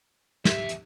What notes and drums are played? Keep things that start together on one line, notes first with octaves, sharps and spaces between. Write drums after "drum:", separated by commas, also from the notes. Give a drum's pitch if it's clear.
E2 G4 E5, drum: snare
drum: hi-hat